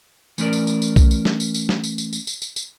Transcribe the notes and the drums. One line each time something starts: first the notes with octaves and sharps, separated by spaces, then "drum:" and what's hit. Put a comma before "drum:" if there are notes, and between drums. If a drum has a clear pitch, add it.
E3 A3 C#4 A#4 D5, drum: tambourine
drum: tambourine
drum: tambourine
drum: tambourine
drum: kick B1, tambourine
drum: tambourine
drum: snare
drum: tambourine
drum: tambourine
drum: snare
drum: tambourine
drum: tambourine
drum: tambourine
drum: tambourine
drum: tambourine
drum: tambourine